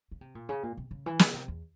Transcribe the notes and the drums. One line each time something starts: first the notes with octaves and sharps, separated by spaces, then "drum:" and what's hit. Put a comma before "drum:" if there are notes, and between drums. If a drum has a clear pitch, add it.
C#3
C3
A#2
C#3
A#2
C3
C#3
E3
C#3, drum: snare
C3
E2